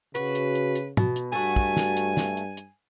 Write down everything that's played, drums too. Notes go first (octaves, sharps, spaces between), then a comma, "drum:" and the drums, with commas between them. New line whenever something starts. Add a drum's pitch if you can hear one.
C#3 F#4 B4, drum: hi-hat
drum: hi-hat
drum: hi-hat
drum: hi-hat
B2, drum: tom
drum: hi-hat
G2 A3 F#4 G#5
drum: kick
drum: snare
drum: hi-hat
drum: snare
drum: hi-hat
drum: hi-hat